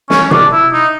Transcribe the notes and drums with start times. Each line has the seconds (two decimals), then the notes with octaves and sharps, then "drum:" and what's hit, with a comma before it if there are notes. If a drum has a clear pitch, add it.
0.10 C#4, drum: snare
0.24 C#4
0.31 D4, drum: tom C3
0.53 E4
0.73 D#4